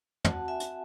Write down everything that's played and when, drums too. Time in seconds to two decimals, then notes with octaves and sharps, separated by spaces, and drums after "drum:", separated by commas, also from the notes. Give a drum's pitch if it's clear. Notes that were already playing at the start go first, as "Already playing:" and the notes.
0.25 C4 F#4 F#5 A5, drum: tom
0.48 E5 G#5
0.60 drum: hi-hat